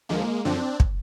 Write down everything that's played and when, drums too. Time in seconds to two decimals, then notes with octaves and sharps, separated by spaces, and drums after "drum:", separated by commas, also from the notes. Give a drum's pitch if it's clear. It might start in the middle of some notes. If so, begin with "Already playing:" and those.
0.09 D#2 D3 F3 G#3 A#3
0.45 F#2 D3 F3 C4 D4
0.80 drum: kick